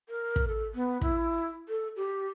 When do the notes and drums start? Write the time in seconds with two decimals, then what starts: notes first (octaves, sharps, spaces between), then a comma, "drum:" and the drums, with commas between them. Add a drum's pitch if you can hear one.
0.09 A#4
0.36 drum: kick
0.48 A4
0.75 B3
1.01 E4, drum: kick
1.68 A4
1.96 G4